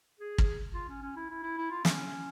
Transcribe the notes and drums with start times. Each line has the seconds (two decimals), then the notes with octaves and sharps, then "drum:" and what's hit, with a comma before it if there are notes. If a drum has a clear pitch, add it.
0.20 G#4
0.38 drum: kick
0.75 F4
0.89 C#4
1.02 C#4
1.16 E4
1.30 E4
1.43 E4
1.58 E4
1.71 F4
1.85 C#4, drum: snare